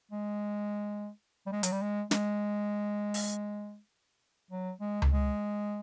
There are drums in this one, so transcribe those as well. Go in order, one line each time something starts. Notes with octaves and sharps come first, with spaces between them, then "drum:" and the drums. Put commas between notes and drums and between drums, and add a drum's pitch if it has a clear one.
G#3
G3
G#3
F#3, drum: hi-hat
G3
G#3
G#3, drum: snare
drum: open hi-hat
F#3
G#3
drum: tom C#2
G#3